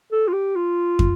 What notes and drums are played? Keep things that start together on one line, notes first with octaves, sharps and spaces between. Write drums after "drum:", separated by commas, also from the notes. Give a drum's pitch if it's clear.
A4
F4
G4
F4
drum: kick